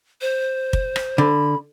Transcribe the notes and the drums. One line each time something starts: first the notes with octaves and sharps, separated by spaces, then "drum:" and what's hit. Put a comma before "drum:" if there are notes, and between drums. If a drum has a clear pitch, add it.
C5
drum: kick
drum: rim click
D3 B5